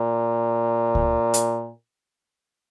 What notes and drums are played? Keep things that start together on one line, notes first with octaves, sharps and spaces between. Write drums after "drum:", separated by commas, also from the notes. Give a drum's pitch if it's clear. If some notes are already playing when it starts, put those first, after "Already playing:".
Already playing: A#2
drum: kick C#2
drum: hi-hat